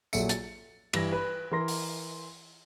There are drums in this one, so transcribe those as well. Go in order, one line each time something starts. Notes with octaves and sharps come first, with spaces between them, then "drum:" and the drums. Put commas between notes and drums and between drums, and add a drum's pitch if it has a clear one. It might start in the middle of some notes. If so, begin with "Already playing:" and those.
A#1 F#3 A4 E5 C#7, drum: tambourine
A6, drum: hi-hat
G2 E3 A#6, drum: cymbal
B4 B5
E3 A#4 C6 A#6
drum: open hi-hat